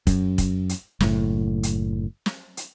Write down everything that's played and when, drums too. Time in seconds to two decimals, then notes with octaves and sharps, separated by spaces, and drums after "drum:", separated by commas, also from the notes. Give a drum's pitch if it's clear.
0.07 F#2, drum: kick, hi-hat
0.38 drum: kick, hi-hat
0.69 drum: hi-hat
1.00 F#1 A2, drum: snare
1.63 drum: hi-hat
2.26 drum: snare
2.57 drum: hi-hat